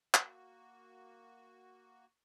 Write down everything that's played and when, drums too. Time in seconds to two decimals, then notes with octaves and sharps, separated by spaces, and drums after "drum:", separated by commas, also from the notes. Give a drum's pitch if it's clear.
0.14 A#3 F#4, drum: clap